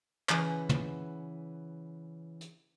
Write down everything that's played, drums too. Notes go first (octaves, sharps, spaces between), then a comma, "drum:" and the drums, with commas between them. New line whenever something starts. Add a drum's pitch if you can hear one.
C#3 E3 B4 F#5 G#5, drum: clap
drum: tom
drum: hi-hat